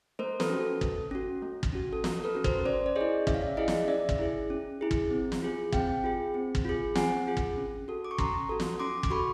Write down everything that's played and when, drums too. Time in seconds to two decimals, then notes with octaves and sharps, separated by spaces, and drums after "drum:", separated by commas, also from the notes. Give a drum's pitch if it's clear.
0.19 A3 A#4 C5
0.40 A4 B4, drum: snare
0.49 C#4 F#4
0.60 A4
0.81 A3, drum: kick
1.11 C#4 F#4
1.42 A3
1.63 drum: kick
1.72 C#4 F#4
1.93 A4
2.04 A3 A#4, drum: snare
2.24 A4 B4
2.35 C#4 F#4
2.44 A#4 C5, drum: kick
2.65 C#4 C5 D5
2.86 D5
2.96 G#4 C#5 D#5
3.01 E4
3.27 C#4 E5, drum: kick
3.34 F5
3.42 D5 E5
3.57 E4 G#4 D#5 F5
3.68 drum: snare
3.88 C#4 D5 E5
4.09 drum: kick
4.19 E4 G#4
4.50 C#4
4.81 E4 G#4
4.91 drum: kick
5.11 C4
5.32 drum: snare
5.42 F4 G#4
5.72 C4 F5 G5, drum: kick
6.04 F4 G#4
6.34 C4
6.55 drum: kick
6.65 F4 G#4
6.95 C4 F#5 G#5, drum: snare
7.27 F4 G#4
7.37 drum: kick
7.58 C#4
7.88 F#4 A4
8.05 D6
8.11 C#6
8.18 C#4 A#5 C6, drum: kick
8.49 F#4 A4
8.60 drum: snare
8.80 C#4 C6 D6
9.03 D6, drum: kick
9.10 F#4 A4 B5 C#6